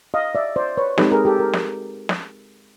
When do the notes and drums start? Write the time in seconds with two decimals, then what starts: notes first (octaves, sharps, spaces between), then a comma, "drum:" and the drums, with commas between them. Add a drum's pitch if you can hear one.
0.14 D#5 F5
0.35 D5 E5
0.56 C5 D5
0.77 B4 C#5
0.98 G#3 C4 D#4 G4 A4 B4, drum: snare
1.12 G#4 A#4
1.25 G4 A4
1.39 A#4
1.53 drum: snare
2.09 drum: snare